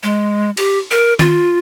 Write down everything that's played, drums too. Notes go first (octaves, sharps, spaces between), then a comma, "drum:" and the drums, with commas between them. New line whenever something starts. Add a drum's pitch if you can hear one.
G#3
G4, drum: cymbal
A#4
F4, drum: tom D#3